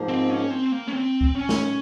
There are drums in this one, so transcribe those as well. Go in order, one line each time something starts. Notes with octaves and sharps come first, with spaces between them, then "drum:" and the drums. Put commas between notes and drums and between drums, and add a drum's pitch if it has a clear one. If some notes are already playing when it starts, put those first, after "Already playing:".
Already playing: G#2 F3 A#3
C4
C#4
C4
A#3
C#4
C4
drum: kick
C#4
drum: snare